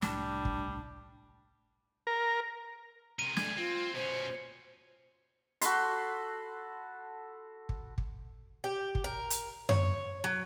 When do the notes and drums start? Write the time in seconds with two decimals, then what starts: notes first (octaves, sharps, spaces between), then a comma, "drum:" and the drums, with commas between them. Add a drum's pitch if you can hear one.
0.02 C2 A2 G3 D4, drum: snare
0.45 drum: kick
2.07 A#4
3.19 C3 A#4 D#7
3.37 G3 A3 G#4 G#6, drum: snare
3.57 C4 F4
3.95 B2 C#4 C5
5.61 F#4 A4 B5 C6, drum: hi-hat
7.69 drum: kick
7.98 drum: kick
8.64 G4
8.95 drum: kick
9.04 A#4
9.30 drum: hi-hat
9.69 C#5, drum: tom F#2
10.24 F#3